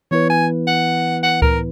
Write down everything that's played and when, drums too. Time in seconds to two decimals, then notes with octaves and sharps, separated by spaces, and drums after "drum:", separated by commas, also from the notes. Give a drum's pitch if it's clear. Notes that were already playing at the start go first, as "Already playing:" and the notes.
0.11 E3 B3 E4 B4 C#5
0.30 G#5
0.67 F#5
1.23 F#5
1.42 A#4, drum: kick C#2